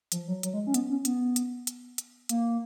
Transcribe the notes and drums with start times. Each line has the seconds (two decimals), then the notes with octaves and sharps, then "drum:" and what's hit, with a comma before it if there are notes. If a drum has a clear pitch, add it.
0.12 F3, drum: hi-hat
0.28 F#3
0.43 F#3, drum: hi-hat
0.54 G#3
0.67 C#4
0.74 B3, drum: hi-hat
0.90 C#4
1.05 B3, drum: hi-hat
1.36 drum: hi-hat
1.67 drum: hi-hat
1.98 drum: hi-hat
2.29 A#3, drum: hi-hat